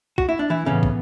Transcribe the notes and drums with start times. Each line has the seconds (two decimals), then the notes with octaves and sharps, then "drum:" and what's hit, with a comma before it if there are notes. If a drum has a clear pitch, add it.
0.18 F#4, drum: kick
0.29 E4
0.39 D4
0.50 E3 E4
0.66 A2 C#3 E3 B3 C#4
0.83 drum: kick